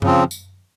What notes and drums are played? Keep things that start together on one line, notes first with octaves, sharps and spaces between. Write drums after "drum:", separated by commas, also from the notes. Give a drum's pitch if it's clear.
C#3 F3 C4, drum: tom F#2
drum: tambourine